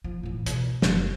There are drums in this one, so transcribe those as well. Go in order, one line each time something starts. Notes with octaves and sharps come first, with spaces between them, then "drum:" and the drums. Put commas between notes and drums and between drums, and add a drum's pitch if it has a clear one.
F3
A2 E3
B2, drum: hi-hat
F#1, drum: snare